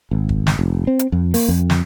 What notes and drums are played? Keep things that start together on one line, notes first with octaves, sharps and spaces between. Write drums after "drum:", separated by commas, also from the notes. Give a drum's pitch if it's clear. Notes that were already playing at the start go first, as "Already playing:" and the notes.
G#1
drum: kick
drum: snare
F1
C4
drum: hi-hat
F2
A#3, drum: open hi-hat
F2
drum: snare